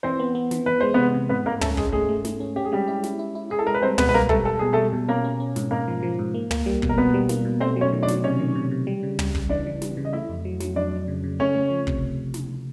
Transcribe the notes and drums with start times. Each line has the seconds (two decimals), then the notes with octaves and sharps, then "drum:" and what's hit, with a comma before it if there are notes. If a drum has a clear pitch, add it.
0.03 E3 C4 C5
0.19 B3
0.35 B3
0.51 E3, drum: snare
0.66 E3 B4
0.80 G#3 C5
0.94 C3 B3 B4
1.14 C3
1.29 G#2 B3 B4
1.46 G#2 A#3 A#4
1.61 A3 C#4 A4, drum: tom
1.77 G#3 C#4 G#4, drum: kick
1.92 G#3 A3 G#4
2.09 A3
2.25 A3, drum: snare
2.40 C#4
2.56 C#4 G4
2.65 G#4
2.72 G3 G#3 G4
2.88 E4
3.03 E4, drum: snare
3.19 E4
3.35 E4
3.50 E4 G#4
3.59 A4
3.67 G#3 A#4
3.74 B4
3.82 G3 C4 C5
3.98 B2 B3 B4, drum: tom
4.09 B4
4.13 G3 A#3 A#4
4.29 G3 A3 A4, drum: kick
4.45 G3 A4
4.59 B2 G#4
4.73 G3 A3 A4
4.93 B2
5.08 A#3 C#4 A#4
5.25 C#4
5.40 C#4
5.56 G#2, drum: snare
5.71 G#2 A#3 A#4
5.88 F3
6.03 F3
6.19 G#2
6.34 A#3
6.51 A#3, drum: tom
6.66 G3
6.82 B2, drum: kick
6.89 A#4
6.98 B2 B3 B4
7.14 G3
7.29 A#3, drum: snare
7.45 B2
7.60 A3 C4 C5
7.76 F#3
7.81 C#4 C#5
7.93 D#3
8.03 D4 D5
8.08 F#3, drum: snare
8.24 C3 C#4 C#5
8.40 D#3
8.55 C3
8.71 C3
8.87 G3
9.03 C#3
9.19 G3, drum: tom
9.35 C#3, drum: kick
9.49 E3 D4 D5
9.66 E3
9.82 G3, drum: snare
9.97 C#3
10.05 D#5
10.13 A3 E4 E5
10.29 F2
10.45 F#3
10.60 F#3, drum: snare
10.76 F2 D4 D5
10.92 F2
11.08 C#3
11.24 C#3
11.39 A3 C#4 C#5
11.55 A3
11.70 F3
11.87 C3, drum: kick
12.34 drum: snare